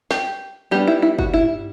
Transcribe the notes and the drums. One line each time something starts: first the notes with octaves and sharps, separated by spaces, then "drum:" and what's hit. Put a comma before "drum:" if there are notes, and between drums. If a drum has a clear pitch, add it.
G4, drum: snare
G3 B3 D4 G4
E4
E4
F#4, drum: kick
E4
drum: tom G2